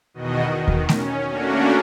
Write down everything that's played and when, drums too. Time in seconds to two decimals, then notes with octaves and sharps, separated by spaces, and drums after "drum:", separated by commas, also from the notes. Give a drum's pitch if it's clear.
0.14 E2 B2 D#3 F#4 D#5
0.53 D#3
0.68 drum: kick D#2
0.89 C#4, drum: snare A3
1.29 A3 A#3 C#4 D4 F#4 A#4